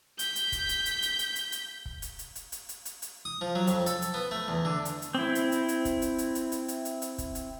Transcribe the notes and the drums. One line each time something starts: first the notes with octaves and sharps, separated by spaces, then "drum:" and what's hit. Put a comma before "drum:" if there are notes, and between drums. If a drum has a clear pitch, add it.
G6 B6, drum: hi-hat
drum: hi-hat
drum: kick, hi-hat
drum: hi-hat
drum: hi-hat
drum: hi-hat
drum: hi-hat
drum: hi-hat
drum: hi-hat
drum: kick
drum: hi-hat
drum: hi-hat
drum: hi-hat
drum: hi-hat
drum: hi-hat
drum: hi-hat
drum: hi-hat
D#6
F3
F#3
F2, drum: hi-hat
A4, drum: hi-hat
drum: hi-hat
B3
A3
E2
D3
drum: hi-hat
drum: hi-hat
C4 E4
drum: hi-hat
drum: hi-hat
drum: hi-hat
drum: kick, hi-hat
drum: hi-hat
drum: hi-hat
drum: hi-hat
drum: hi-hat
drum: hi-hat
drum: hi-hat
drum: hi-hat
drum: kick, hi-hat
drum: hi-hat